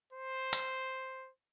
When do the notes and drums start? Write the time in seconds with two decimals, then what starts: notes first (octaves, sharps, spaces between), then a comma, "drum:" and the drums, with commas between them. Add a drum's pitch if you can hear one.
0.13 C5
0.53 drum: hi-hat